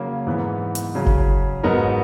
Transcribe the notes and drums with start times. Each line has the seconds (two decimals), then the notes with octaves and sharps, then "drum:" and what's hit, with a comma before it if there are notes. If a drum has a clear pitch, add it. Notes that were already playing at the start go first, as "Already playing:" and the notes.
Already playing: C#3 F#3 A#3
0.27 G#2 E3 B3
0.75 drum: hi-hat
0.95 C#3 F#3 C#4
1.06 drum: kick F#1
1.63 G#2 F#3 B3 D#4 A#4